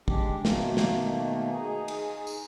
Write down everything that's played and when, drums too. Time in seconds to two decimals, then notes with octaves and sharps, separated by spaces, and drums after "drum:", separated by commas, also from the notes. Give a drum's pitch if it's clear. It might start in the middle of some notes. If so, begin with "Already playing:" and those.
0.08 G#3 D4 G4, drum: kick
0.45 B2 D#3 A3 A#3, drum: snare
0.77 drum: snare
1.50 D#4 G#4
1.88 drum: cymbal
2.27 drum: tambourine